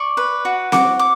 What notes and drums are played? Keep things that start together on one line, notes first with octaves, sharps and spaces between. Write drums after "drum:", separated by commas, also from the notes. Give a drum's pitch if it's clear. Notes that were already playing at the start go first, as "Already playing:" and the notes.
Already playing: D5 C#6
B4
F#4
F#4 D6, drum: snare C4
D6